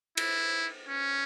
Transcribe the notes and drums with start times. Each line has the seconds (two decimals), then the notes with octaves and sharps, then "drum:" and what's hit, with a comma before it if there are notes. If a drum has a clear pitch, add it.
0.17 E4, drum: cymbal
0.88 C#4